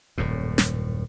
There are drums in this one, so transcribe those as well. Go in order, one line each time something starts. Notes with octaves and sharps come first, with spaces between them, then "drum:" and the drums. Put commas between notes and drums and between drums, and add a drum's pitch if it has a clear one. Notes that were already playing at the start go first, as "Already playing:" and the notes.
D#1 F#2 A2
drum: snare